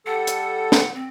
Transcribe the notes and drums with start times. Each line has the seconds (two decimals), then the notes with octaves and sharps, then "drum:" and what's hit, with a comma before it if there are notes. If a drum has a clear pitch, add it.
0.06 G3 A4 F#5
0.27 drum: hi-hat
0.72 drum: snare
0.94 C4